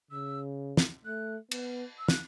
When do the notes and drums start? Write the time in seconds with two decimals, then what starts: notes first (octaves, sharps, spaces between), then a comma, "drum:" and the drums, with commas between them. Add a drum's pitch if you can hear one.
0.11 C#3 E6
0.77 drum: snare
1.05 A3 F#6
1.51 B3, drum: cymbal
1.99 E6
2.08 F#6, drum: snare